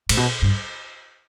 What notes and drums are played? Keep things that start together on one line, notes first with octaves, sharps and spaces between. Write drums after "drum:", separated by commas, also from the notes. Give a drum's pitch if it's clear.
A2, drum: cymbal
B2
G2